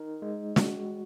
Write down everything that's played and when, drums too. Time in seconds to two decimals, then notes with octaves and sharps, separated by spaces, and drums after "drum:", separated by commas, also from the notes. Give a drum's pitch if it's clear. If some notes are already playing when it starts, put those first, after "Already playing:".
Already playing: D#4 A#4
0.22 G#3
0.56 F#4, drum: snare